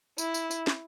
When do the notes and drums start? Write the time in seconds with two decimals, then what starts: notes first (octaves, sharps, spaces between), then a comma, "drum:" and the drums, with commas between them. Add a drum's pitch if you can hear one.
0.18 E4, drum: tambourine
0.34 drum: tambourine
0.51 drum: tambourine
0.67 drum: snare